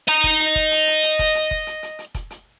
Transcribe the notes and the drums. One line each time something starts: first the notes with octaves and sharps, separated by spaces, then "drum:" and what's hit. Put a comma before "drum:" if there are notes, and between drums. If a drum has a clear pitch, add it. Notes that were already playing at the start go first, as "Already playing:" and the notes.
D#5 A#5, drum: hi-hat
drum: kick F1, hi-hat
drum: hi-hat
drum: kick F1
drum: hi-hat
drum: hi-hat
drum: hi-hat
drum: kick F1, hi-hat
drum: hi-hat
drum: kick F1
drum: hi-hat
drum: hi-hat
drum: hi-hat
drum: kick F1, hi-hat
drum: hi-hat